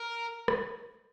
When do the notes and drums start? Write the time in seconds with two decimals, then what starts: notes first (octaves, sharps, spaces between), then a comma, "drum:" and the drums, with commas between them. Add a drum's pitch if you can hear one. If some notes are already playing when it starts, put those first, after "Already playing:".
Already playing: A#4
0.48 drum: rim click